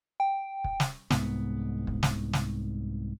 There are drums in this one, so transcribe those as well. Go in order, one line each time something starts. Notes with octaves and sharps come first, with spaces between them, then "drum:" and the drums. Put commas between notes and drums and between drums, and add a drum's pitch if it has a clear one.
G5
drum: kick
drum: snare
C2 G#2 B3, drum: snare
drum: kick
drum: snare
drum: snare